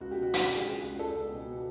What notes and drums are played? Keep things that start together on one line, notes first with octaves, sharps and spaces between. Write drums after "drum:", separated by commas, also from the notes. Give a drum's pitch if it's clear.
C#2 F#4
G4
B2
F#4
C#2, drum: hi-hat
C#2 G#4
G4
C#2 G#4
C#2
C#2 A4
C#2
B2
B2